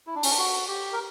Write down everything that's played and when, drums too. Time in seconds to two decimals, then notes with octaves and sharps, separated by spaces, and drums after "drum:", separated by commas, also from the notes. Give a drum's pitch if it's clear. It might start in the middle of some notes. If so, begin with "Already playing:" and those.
0.07 E4
0.15 D4
0.23 C#4, drum: open hi-hat
0.30 D4
0.38 F#4
0.68 G4
0.93 A#4